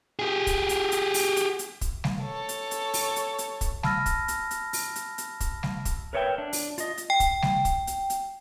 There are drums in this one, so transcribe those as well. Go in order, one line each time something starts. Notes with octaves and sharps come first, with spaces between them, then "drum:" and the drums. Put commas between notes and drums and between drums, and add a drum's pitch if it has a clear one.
G4 G#4
drum: kick, hi-hat
drum: hi-hat
drum: hi-hat
drum: open hi-hat
drum: hi-hat
drum: hi-hat
drum: kick, hi-hat
drum: snare G3
A4 C#5
drum: hi-hat
drum: hi-hat
drum: open hi-hat
drum: hi-hat
drum: hi-hat
drum: kick, hi-hat
A5 B5 E6 F6 A6 A#6, drum: snare G3
drum: kick, hi-hat
drum: hi-hat
drum: hi-hat
drum: open hi-hat
drum: hi-hat
drum: hi-hat
drum: kick, hi-hat
drum: snare G3
drum: kick, hi-hat
A#4 B4 C#5 D5 E5 G5
D4
drum: open hi-hat
F4 D#5, drum: hi-hat
drum: hi-hat
G5
drum: kick, hi-hat
drum: snare G3
drum: kick, hi-hat
drum: hi-hat
drum: hi-hat